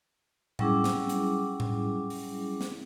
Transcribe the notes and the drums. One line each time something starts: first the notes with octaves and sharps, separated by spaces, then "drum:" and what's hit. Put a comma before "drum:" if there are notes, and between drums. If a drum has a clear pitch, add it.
F#3 G3 C#4 E4 G#4 D6, drum: tom A2
drum: snare
drum: hi-hat
drum: tom A2
drum: open hi-hat
drum: snare